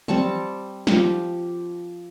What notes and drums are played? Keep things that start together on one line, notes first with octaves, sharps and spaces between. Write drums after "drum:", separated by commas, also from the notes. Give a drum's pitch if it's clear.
G3 C4 A5 C#6, drum: tom E3
F3 G4, drum: snare